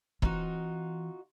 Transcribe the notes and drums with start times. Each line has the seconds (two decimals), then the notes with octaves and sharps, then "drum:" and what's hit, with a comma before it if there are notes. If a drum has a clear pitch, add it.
0.22 E3 C4 D#4 F4 F#4, drum: kick